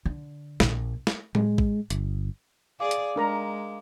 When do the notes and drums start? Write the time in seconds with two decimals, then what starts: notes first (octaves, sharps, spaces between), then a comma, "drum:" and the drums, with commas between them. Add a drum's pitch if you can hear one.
0.06 D3
0.60 A#1, drum: snare
1.07 drum: snare
1.35 G#3, drum: tom A2
1.58 drum: kick A1
1.90 G1, drum: hi-hat
2.80 G#4 D5 F5 D6
2.91 drum: hi-hat
3.16 G#3 D4 A#4 A#5